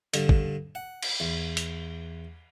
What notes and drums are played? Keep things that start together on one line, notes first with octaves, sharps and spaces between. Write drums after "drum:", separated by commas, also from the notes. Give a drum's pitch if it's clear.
G2 D3, drum: hi-hat
drum: kick
F#5
drum: cymbal
E2
drum: hi-hat